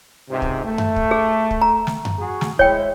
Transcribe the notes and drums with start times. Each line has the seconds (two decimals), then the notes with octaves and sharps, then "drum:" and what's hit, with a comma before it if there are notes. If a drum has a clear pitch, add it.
0.31 C#2 G#2 C3
0.42 drum: kick
0.65 A3
0.78 drum: tom F#2
0.96 drum: kick
1.11 G#4
1.51 drum: kick
1.61 A#5
1.87 drum: snare
2.05 drum: tom F#2
2.19 F#4 G#4
2.41 drum: snare
2.59 G#3 E4 C#5 G5, drum: kick